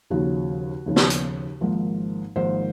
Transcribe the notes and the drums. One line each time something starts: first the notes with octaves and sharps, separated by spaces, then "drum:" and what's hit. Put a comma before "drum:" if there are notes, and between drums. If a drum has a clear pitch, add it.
D#2 C#3 F3 F#4
D#2 C#3 F3
drum: snare
drum: hi-hat
G#1 G#2 F3 A#3
G#1 G#2 F3 A#3 C5